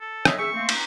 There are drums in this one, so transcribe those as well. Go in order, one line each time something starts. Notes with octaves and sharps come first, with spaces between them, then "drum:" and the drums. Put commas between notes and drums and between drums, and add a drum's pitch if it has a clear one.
A4
C#5 D#5 E5, drum: rim click
G#4 E5 C#6
A3 A#3 C4
drum: cymbal